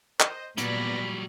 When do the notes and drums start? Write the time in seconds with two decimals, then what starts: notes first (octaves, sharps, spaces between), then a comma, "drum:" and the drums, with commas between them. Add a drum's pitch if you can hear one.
0.20 C5 D#5, drum: clap
0.57 A#2 F#3 G3 B3 D5 B5 A#6, drum: hi-hat